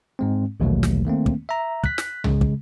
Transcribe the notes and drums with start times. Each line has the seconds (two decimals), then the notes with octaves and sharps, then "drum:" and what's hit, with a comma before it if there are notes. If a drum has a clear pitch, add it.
0.19 G#2 G#3 C4
0.60 A#1 D#2 B2 E3 F#3 A3
0.83 drum: snare
1.05 D#3 A3 A#3 C4
1.26 drum: kick
1.49 E5 A#5
1.84 F#6 B6, drum: kick
1.98 drum: snare
2.24 C#3 G#3, drum: tom C2
2.41 drum: kick